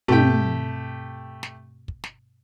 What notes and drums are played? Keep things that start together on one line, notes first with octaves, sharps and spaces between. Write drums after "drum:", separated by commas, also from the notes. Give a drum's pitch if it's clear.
G2 B2 A3 C4 G4 G5, drum: tom
drum: snare
drum: kick
drum: snare